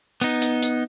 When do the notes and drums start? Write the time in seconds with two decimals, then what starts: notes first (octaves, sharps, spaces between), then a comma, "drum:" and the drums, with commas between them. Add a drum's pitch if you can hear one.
0.21 B3 D#4, drum: hi-hat
0.42 drum: hi-hat
0.62 drum: hi-hat